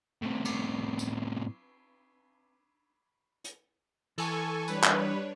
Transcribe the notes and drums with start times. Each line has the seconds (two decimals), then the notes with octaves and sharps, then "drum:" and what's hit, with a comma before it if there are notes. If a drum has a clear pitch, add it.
0.22 A2 C3
0.45 drum: cymbal
0.99 drum: tambourine
3.44 drum: hi-hat
4.18 E3 A4 G#5 C#6, drum: cymbal
4.68 G3 D4 B4 C#5, drum: tambourine
4.84 drum: clap